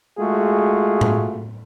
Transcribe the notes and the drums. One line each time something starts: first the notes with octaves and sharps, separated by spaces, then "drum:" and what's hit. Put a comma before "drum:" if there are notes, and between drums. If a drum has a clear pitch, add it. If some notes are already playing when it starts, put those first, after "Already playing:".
G#3 A3 F4 F#4 G#4
drum: tom A2